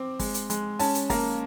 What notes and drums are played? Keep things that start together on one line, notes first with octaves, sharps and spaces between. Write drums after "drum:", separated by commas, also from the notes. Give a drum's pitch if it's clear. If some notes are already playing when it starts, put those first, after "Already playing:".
Already playing: C4 D6
G#3, drum: kick, open hi-hat
drum: hi-hat
G#3, drum: hi-hat
C#4 A5, drum: open hi-hat
drum: hi-hat
A#3 A#5, drum: kick, open hi-hat